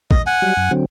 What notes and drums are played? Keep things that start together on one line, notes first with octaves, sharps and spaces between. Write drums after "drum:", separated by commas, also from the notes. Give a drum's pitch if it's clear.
D#5, drum: kick
F#5 G#5
F#3 G3
F#2
D3 F#3 C4